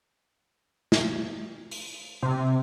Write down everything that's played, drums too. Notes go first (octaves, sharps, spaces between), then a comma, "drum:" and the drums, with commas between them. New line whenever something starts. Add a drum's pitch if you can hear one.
drum: snare
drum: open hi-hat
C3